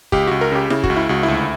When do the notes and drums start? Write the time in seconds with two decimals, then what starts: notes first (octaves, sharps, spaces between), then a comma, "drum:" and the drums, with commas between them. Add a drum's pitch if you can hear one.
0.12 C#2 G4, drum: kick
0.27 C#2 F#4
0.41 A#4
0.52 C#3 G4
0.70 C#3 E4, drum: snare E4
0.84 F#4, drum: kick
0.90 C#2
0.96 E4
1.09 C#2 F#4
1.23 D2 E4